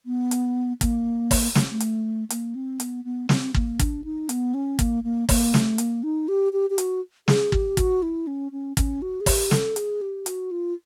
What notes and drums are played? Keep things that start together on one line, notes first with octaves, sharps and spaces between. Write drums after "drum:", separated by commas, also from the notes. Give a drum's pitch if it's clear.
B3
drum: hi-hat
A#3, drum: kick, hi-hat
drum: kick, open hi-hat
A3, drum: snare
A3
drum: hi-hat
A#3, drum: hi-hat
C4
B3, drum: hi-hat
B3
C4, drum: snare
A#3, drum: kick
D4, drum: kick, hi-hat
D#4
B3, drum: hi-hat
C#4
A#3, drum: kick, hi-hat
A#3
A#3, drum: kick, open hi-hat
A3, drum: snare
A#3, drum: hi-hat
D#4
G4
G4
G4
F#4, drum: hi-hat
G#4, drum: snare
G4, drum: kick
F#4, drum: kick, hi-hat
E4
C#4
C#4
C#4, drum: kick, hi-hat
F#4
G#4
G4, drum: kick, open hi-hat
A4, drum: snare
G#4, drum: hi-hat
G4
F#4, drum: hi-hat
F4